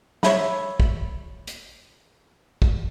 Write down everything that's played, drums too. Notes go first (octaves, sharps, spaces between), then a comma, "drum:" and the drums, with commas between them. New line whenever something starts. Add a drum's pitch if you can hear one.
C#5 E5 B5, drum: snare
drum: kick
drum: hi-hat
drum: kick